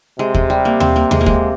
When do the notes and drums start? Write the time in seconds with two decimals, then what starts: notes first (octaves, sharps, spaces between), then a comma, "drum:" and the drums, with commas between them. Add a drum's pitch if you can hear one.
0.19 C3 G#3
0.34 G#3, drum: kick D#2
0.50 G3
0.65 A#3
0.80 C4, drum: tom D#2
0.96 A#3
1.11 G#3, drum: tom D#2
1.21 A#3
1.26 G#3, drum: kick D#2